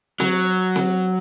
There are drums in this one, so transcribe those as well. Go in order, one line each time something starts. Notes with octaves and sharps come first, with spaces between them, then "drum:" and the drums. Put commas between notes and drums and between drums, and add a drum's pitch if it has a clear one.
F#3, drum: snare C4
drum: snare C4